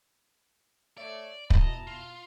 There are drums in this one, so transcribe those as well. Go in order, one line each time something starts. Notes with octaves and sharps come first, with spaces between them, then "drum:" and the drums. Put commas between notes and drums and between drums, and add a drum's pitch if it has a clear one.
A3 C#5 D5 E5
B2 E4 D#5 A5 A#5, drum: kick
F4